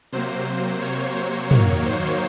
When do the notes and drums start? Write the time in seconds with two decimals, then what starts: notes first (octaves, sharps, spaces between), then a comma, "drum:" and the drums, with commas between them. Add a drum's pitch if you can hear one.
0.12 C3 F#3 A#3 C5
0.81 C#5
1.01 drum: hi-hat
1.51 D#3 F#3 A#3 C#5, drum: tom
1.86 C5
2.07 drum: hi-hat